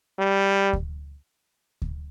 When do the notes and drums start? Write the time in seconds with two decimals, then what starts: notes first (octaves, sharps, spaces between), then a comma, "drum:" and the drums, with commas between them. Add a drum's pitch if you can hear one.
0.19 G3
0.73 drum: kick D2
1.82 drum: kick D2